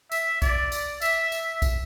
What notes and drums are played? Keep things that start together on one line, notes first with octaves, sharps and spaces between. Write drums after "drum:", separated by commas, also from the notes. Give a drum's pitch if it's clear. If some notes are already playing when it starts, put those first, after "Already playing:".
E5, drum: tambourine
D5, drum: kick B1, tambourine
drum: tambourine
E5, drum: tambourine
drum: tambourine
drum: kick B1, tambourine